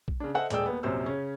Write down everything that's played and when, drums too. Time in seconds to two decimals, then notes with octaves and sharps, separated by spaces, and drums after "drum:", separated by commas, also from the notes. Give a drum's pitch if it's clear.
0.08 drum: kick A#1
0.20 C#3 D4
0.34 A4 C5 D#5 E5 F#5
0.50 D#1 G#3 G#4 D5 G5 E6, drum: hi-hat
0.66 D#2 B3
0.83 A#1 F#2 C3 C#4 C5 E6
1.06 C#3 C#4